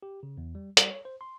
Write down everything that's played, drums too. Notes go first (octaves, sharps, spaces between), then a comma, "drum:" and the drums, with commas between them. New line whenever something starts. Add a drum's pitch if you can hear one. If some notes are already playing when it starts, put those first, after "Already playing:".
G4
C#3
E2
G3
G3, drum: hi-hat
C#5
C5
C6